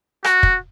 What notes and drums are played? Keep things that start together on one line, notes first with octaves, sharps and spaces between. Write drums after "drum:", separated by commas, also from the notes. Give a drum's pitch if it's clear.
F#4, drum: rim click
drum: kick